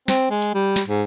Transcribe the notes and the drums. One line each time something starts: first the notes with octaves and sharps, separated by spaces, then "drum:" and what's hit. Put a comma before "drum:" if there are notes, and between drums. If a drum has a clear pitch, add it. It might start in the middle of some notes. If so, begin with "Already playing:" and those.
C4, drum: snare
G#3
drum: hi-hat
G3
drum: snare
G#2